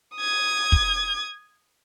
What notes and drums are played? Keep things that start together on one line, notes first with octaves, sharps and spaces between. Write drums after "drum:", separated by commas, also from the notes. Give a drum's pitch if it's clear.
D#6 G#6
drum: kick